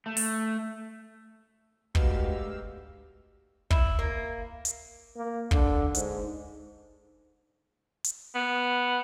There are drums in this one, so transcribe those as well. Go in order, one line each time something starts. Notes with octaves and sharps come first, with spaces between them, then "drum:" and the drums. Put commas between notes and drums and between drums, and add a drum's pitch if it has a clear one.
A3
drum: open hi-hat
D2 G#2 B2 G4 F5 E6, drum: kick
E4, drum: kick
A#3
drum: hi-hat
A#3
D3, drum: kick
G#2, drum: hi-hat
drum: hi-hat
B3